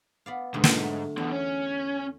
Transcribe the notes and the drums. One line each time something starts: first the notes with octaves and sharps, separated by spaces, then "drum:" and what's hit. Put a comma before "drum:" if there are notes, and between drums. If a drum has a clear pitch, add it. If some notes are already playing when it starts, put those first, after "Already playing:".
B3 D5 F5
C#2 G#2 B2 D3
drum: snare
F#3 A3
E2 B2 D3
C#4